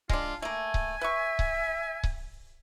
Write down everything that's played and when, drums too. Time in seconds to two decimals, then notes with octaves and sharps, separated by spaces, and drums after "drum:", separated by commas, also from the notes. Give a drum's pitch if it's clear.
0.09 G#3 D4 F4, drum: kick C#1
0.42 A3 A#3 G#5
0.74 drum: kick C#1
1.01 B4 E5 C#6
1.39 drum: kick C#1
2.04 drum: kick C#1